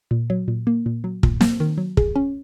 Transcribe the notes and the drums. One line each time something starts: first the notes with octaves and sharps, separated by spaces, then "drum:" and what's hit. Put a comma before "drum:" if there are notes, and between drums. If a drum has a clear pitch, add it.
A#2
F#3
A#2
A#3
A#2
F#3
A#2, drum: kick
A#3, drum: snare
D#3
F#3
G#4, drum: kick
C#4